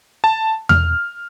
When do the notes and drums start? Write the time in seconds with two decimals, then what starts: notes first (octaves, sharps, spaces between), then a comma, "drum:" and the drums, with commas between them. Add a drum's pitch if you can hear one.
0.24 A5
0.69 F6, drum: tom E2